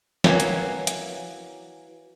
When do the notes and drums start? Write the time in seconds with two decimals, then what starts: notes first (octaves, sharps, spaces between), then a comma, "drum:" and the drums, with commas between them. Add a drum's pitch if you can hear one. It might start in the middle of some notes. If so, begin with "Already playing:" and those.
0.24 E3 F#3 A#3 D#4 G#5, drum: snare
0.40 drum: hi-hat
0.87 drum: hi-hat